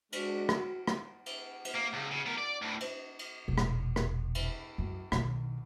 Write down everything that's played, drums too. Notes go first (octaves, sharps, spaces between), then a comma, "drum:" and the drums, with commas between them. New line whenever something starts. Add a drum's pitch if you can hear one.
G#3 D4 F#4, drum: cymbal
drum: rim click
drum: rim click
drum: cymbal
drum: cymbal
A#3
C#2
C#3
B3 A#4
D5
D2 A2
drum: cymbal
drum: cymbal
E1 A#1
drum: rim click
drum: rim click
drum: cymbal
F#2
B1 D#3, drum: rim click